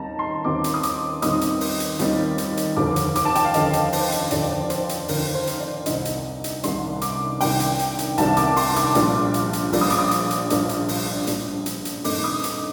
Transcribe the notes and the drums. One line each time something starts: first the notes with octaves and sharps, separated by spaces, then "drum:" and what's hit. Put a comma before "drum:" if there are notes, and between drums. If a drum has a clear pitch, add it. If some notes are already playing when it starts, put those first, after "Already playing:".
Already playing: D#2 D#3 G3 C4 D#4 A5 A#5
C6
D#2 D#3 G3 C4 D#4 D6
drum: hi-hat
D#6
D6, drum: hi-hat
D#2 D#3 G3 C4 D#4 D#6, drum: hi-hat
drum: hi-hat
drum: open hi-hat
drum: hi-hat
D#2 D#3 G3 C4 D#4, drum: hi-hat
drum: hi-hat
drum: hi-hat
F1 D#2 D3 F3 D6
drum: hi-hat
D6, drum: hi-hat
A5
G5, drum: hi-hat
F5
F1 D#2 D3 F3 D#5, drum: hi-hat
drum: hi-hat
C5, drum: open hi-hat
drum: hi-hat
F1 D#2 D3 F3 D5, drum: hi-hat
C5, drum: hi-hat
drum: hi-hat
F1 D#2 D3 F3 A#4, drum: open hi-hat
C5
drum: hi-hat
D5
C2 C3 D#3 G3 D4 D#5, drum: hi-hat
drum: hi-hat
drum: hi-hat
C2 C3 D#3 G3 D4 C6, drum: hi-hat
D6, drum: hi-hat
C2 C3 D#3 G3 D4 G5, drum: open hi-hat
drum: hi-hat
drum: hi-hat
drum: hi-hat
C2 C3 D#3 G3 D4 A5, drum: hi-hat
D6, drum: hi-hat
C6, drum: open hi-hat
D6, drum: hi-hat
A#1 A#2 G3 D4, drum: hi-hat
drum: hi-hat
drum: hi-hat
A#1 A#2 G3 D4, drum: open hi-hat
D#6
D6, drum: hi-hat
D#6
drum: hi-hat
drum: hi-hat
A#1 A#2 G3 D4, drum: hi-hat
drum: hi-hat
drum: open hi-hat
A#1 A#2 G3 D4, drum: hi-hat
drum: hi-hat
drum: hi-hat
G2 D#3 A3 C4 D#4 D6, drum: open hi-hat
D#6
D6, drum: hi-hat